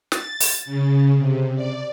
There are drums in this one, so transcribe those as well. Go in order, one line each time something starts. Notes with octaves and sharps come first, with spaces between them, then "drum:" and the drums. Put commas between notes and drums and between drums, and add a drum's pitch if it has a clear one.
A6, drum: snare
drum: open hi-hat
C#3
C3
D5